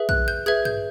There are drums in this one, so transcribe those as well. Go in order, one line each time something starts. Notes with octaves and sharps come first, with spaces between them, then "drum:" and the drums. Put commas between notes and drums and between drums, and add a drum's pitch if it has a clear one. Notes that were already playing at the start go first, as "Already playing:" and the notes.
Already playing: G#4 B4 E5
F#6, drum: kick
G6
G#4 B4 E5 G#6
G6, drum: tom